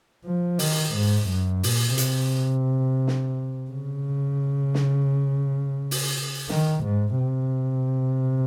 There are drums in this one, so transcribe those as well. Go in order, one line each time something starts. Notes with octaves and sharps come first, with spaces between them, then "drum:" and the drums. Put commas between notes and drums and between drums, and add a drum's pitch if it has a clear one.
F3
D#3, drum: open hi-hat
G#2
F#2
A#2, drum: open hi-hat
C3, drum: hi-hat
drum: snare
C#3
drum: snare
drum: open hi-hat
D#3, drum: snare
G#2
C3